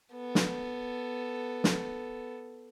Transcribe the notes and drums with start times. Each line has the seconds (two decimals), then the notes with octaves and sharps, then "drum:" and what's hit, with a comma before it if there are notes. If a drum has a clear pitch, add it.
0.14 B3 A4
0.35 drum: snare
1.64 drum: snare